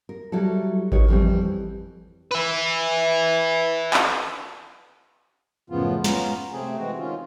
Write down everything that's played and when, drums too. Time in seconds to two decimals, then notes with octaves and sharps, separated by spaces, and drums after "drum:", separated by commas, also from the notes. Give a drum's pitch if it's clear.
0.09 A#4
0.32 F#3 G3 E4 A4
0.92 D#3 G4 B4 C#5, drum: kick G#1
1.08 F2 E3 G3 C4
2.31 B4 E5
3.94 drum: clap
5.70 F#2 A2 C#3 F3 B3 F4
6.04 B3 C#4 F4 A#5, drum: snare
6.53 C3 A3 C4 G#4
6.78 E3 G#3 C4 F#4
6.99 D#3 C#4 F4